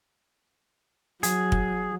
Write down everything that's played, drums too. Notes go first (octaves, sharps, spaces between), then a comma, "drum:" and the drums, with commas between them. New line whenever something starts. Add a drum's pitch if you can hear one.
F#3 G#4, drum: hi-hat
drum: kick